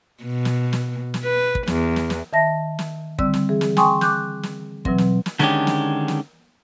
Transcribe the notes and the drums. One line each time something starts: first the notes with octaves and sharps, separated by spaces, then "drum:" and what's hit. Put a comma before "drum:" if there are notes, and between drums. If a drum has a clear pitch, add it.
B2
drum: snare
drum: snare
drum: snare
B4
drum: kick
E2, drum: snare
drum: snare
drum: snare
D#3 E5 A5 A#6
drum: snare
D3 G3 C4 D5 E6, drum: kick
drum: snare
E3 G#4
drum: snare
G5 G#5 C6 C#6 D#6, drum: snare
D6 F#6 G6, drum: snare
drum: snare
B2 E3 F#3 C4, drum: kick
drum: snare
drum: snare
D3 D#3 G#3 C#4 D4 G4, drum: snare
drum: snare
drum: snare